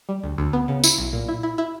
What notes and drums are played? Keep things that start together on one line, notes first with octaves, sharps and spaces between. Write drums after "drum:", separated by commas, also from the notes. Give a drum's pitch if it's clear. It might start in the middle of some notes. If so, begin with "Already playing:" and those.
G3
D2
D2
B3
C#3
E4, drum: tambourine
B1
A#2
E4
E4
E4